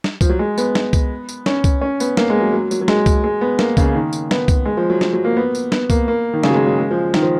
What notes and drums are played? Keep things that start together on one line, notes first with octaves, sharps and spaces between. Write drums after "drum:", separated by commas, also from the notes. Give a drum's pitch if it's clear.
drum: snare
F3, drum: kick C2, tambourine
F#3
G#3
B3, drum: tambourine
drum: snare
drum: kick C2, tambourine
drum: tambourine
C#4, drum: snare
drum: kick C2, tambourine
C#4
B3, drum: tambourine
A#3, drum: snare
G#3
F#3
F#3
F#3, drum: tambourine
F#3
G#3, drum: snare
drum: kick C2, tambourine
G#3
B3
A#3, drum: snare
C#3, drum: kick C2, tambourine
D#3
drum: tambourine
B3, drum: snare
drum: kick C2, tambourine
G#3
F3
F#3
F#3, drum: snare
F#3
A#3
B3
drum: tambourine
B3, drum: snare
A#3, drum: kick C2, tambourine
A#3
D#3
C#3, drum: snare
F#3
G#3
F#3
G#3
F3
D#3, drum: snare
F3